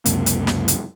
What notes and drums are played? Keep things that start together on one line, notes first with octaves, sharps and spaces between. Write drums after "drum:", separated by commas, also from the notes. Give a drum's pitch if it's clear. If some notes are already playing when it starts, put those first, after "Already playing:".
C#2 F#2 C3 A#3, drum: hi-hat
drum: hi-hat
drum: snare
drum: hi-hat